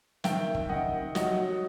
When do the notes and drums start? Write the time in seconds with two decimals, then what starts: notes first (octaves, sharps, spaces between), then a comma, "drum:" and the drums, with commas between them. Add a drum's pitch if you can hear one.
0.24 D#3 E5 G5, drum: snare
0.55 drum: kick
0.69 D#3 D#5 F#5
1.15 F#3 D#5 F#5, drum: snare